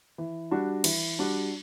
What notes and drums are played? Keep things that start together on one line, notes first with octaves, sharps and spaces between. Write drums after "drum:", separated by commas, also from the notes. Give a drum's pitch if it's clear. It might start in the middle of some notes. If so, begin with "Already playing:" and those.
E3
G3 D4 F#4
E3, drum: cymbal
G3 D4 F#4